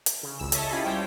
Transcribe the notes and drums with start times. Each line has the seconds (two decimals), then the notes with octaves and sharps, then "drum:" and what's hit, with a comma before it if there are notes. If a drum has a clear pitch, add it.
0.06 drum: hi-hat
0.23 C#3
0.39 G#1 C#2 E6
0.52 A4 C#5 D#5 E5 A5, drum: hi-hat
0.70 C#4 E4 F4 G4 G#4 B5
0.84 G3 C5 C#5 G5 D6